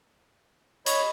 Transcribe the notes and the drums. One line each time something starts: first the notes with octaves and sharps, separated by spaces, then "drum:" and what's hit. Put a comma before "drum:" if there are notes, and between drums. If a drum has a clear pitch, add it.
C#5 D#5 B5, drum: hi-hat